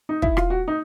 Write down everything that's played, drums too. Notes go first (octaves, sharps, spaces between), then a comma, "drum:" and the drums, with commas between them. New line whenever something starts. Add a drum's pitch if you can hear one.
D#4
E4, drum: kick
F4, drum: rim click
F#4
D#4